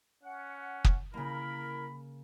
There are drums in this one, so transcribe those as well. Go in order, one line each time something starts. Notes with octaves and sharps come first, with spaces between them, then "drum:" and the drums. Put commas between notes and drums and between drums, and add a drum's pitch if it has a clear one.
C#4 F#5
drum: kick
C#3 A#3 E4 A#4 B5